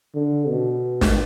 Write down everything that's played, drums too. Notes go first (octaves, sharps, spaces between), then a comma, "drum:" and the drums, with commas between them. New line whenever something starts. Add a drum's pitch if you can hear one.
D3
B2
drum: snare